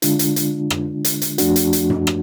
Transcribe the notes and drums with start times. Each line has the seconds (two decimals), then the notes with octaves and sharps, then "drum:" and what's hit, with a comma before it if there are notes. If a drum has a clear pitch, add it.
0.02 D3 G#3 D4 F4, drum: hi-hat
0.19 drum: hi-hat
0.36 drum: hi-hat
0.70 drum: rim click
1.05 drum: hi-hat
1.22 drum: hi-hat
1.38 F2 F3 A3 D4 F#4, drum: hi-hat
1.56 drum: hi-hat
1.73 drum: hi-hat
1.90 drum: tom F#2
2.07 drum: rim click